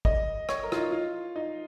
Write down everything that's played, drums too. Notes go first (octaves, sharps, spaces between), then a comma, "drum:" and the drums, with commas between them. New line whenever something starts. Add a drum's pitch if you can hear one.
D#5, drum: kick
C#5, drum: rim click
A#4
F4, drum: rim click
D#4
F4
D#4